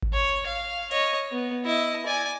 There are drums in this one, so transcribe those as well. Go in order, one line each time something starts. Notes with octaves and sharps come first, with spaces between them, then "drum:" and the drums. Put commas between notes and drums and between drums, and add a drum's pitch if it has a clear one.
drum: kick G#1
C#5
F5
C#5 D#5, drum: hi-hat
B3
E4 D#5
D5 G#5